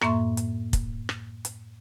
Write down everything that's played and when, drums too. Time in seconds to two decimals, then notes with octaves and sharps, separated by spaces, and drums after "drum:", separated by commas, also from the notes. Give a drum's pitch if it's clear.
0.01 F#2 A2 A#3 E5 C6 C#6, drum: rim click
0.37 drum: hi-hat
0.73 drum: kick, hi-hat
1.09 drum: rim click
1.45 drum: hi-hat